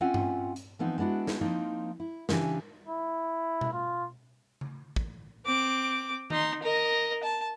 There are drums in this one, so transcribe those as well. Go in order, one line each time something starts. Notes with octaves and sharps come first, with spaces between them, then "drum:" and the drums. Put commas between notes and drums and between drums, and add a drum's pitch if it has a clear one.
C4 C#4 F4 E5 F#5 G#5
drum: tom G2
drum: hi-hat
E3 F3 B3 C4 D#4
G#3 B3 D4 E4 F#4
drum: snare
F3 A#3 C4 D#4
E4
C#3 E3 D4 G4 G#5, drum: snare
E4
drum: tom B2
F4
drum: tom C#3
drum: kick
C4 D6
D#4 C6, drum: tom D#3
A#4 D#5
A5